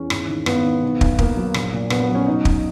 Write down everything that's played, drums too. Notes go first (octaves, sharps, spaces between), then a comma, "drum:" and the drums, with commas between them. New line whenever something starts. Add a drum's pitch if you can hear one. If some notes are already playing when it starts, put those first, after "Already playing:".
Already playing: E2 C#4
G#1, drum: rim click
D#3
G#1 B3, drum: rim click
D#3
B1
B1, drum: kick
B1 A#3, drum: kick
F#3
A#1, drum: rim click
A#2
A#1 B3, drum: rim click
B3
F#3
C#4
B2 D#4
B1, drum: kick